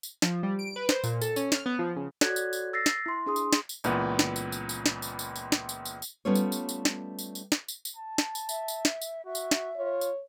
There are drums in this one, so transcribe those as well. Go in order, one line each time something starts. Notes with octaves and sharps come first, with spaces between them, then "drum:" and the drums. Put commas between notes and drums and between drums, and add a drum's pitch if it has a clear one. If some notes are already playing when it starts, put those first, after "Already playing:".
drum: tambourine
F3, drum: snare
G3
D7
B4
C5, drum: snare
A#2, drum: tambourine
A4, drum: tambourine
C#4, drum: tambourine
F6, drum: snare
B3
F3
C#3
F#4 A4 C#5 D5 F#6 G#6, drum: snare
drum: tambourine
drum: tambourine
E6 A6 A#6 C7
drum: snare
E4 C6
D4 G#4 C6 D#6
drum: tambourine
drum: snare
drum: tambourine
C#2 A#2 E3 B3, drum: tambourine
drum: snare
drum: tambourine
drum: tambourine
drum: tambourine
drum: snare
drum: tambourine
drum: tambourine
drum: tambourine
drum: snare
drum: tambourine
drum: tambourine
drum: tambourine
G3 A3 B3 C#4 F4 C#5
drum: tambourine
drum: tambourine
drum: tambourine
drum: snare
drum: tambourine
drum: tambourine
drum: snare
drum: tambourine
drum: tambourine
A5
drum: snare
drum: tambourine
E5, drum: tambourine
drum: tambourine
drum: snare
drum: tambourine
F#4 E5
drum: tambourine
drum: snare
F4 C#5
drum: tambourine